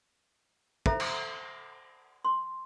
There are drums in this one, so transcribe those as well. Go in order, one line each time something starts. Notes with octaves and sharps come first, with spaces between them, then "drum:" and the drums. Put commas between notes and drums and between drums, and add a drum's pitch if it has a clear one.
A4 C5 E5 A#5, drum: kick
drum: cymbal
C6